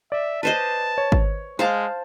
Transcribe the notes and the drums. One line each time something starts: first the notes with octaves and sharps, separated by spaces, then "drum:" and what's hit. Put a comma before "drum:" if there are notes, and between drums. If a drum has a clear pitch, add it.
D5 E5
B4 C5 D#5 A5
C#5
drum: kick G#1
G#3 C5 F5 A5